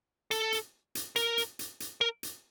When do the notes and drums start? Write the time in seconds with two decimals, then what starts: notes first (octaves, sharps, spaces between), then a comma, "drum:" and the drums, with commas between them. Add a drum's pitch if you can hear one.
0.31 A4, drum: hi-hat
0.53 drum: hi-hat
0.95 drum: hi-hat
1.16 A#4, drum: hi-hat
1.38 drum: hi-hat
1.59 drum: hi-hat
1.80 drum: hi-hat
2.01 A#4
2.23 drum: hi-hat